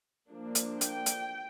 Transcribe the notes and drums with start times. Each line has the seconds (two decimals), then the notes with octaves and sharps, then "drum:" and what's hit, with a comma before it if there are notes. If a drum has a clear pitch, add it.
0.29 F3 A#3 D4
0.55 drum: hi-hat
0.81 G5, drum: hi-hat
1.06 drum: hi-hat